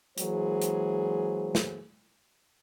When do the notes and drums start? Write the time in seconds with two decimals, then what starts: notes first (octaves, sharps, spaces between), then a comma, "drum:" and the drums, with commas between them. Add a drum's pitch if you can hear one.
0.18 E3 F#3 G#3 A#3 G#4 C5, drum: hi-hat
0.62 drum: hi-hat
1.55 drum: snare